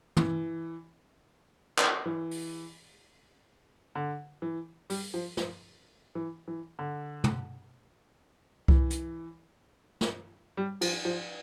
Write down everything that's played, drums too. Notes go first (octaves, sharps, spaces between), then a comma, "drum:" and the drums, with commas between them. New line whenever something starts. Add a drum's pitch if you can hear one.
E3, drum: tom
drum: clap
E3
drum: open hi-hat
D3
E3
G3, drum: open hi-hat
F3
F3, drum: snare
E3
E3
D3
drum: tom
E3, drum: kick C2
drum: hi-hat
drum: snare
G3
F3, drum: cymbal
F3